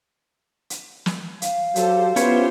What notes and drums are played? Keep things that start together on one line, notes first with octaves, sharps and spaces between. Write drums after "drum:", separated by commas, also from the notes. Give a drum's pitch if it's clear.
drum: hi-hat
drum: snare
F5, drum: hi-hat
F#3 G4 A4 C5, drum: hi-hat
B3 C#4 E4 F4 G4 C5 C#5, drum: hi-hat